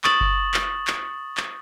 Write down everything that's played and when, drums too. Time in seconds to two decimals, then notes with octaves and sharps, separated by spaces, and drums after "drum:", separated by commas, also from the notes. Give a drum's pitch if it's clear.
0.04 C#6 D#6 A6 E7 F#7, drum: clap
0.21 drum: kick F#1
0.54 drum: clap
0.87 drum: clap
1.37 drum: clap